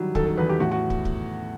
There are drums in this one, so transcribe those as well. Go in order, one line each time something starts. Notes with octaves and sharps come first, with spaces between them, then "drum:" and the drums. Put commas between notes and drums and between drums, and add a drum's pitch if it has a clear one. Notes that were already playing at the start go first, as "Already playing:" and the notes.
Already playing: D#3 F#3 G3 E4
D#3 A4, drum: kick
A4
E2 B4
G4
A2 F#4
F#4
drum: kick
drum: kick